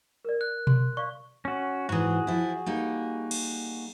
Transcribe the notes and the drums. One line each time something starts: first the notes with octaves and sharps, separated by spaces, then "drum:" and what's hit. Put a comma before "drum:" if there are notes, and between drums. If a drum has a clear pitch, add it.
A#4 D5
F#6
C6, drum: tom B2
D5 F5 C#6
C#4 F#4
G#2 E3 F#4 G#4
F3 E4
G3 A#3 D#4
drum: cymbal